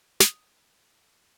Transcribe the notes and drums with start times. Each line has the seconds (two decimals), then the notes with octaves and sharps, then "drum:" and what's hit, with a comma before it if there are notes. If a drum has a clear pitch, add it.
0.20 D#6, drum: snare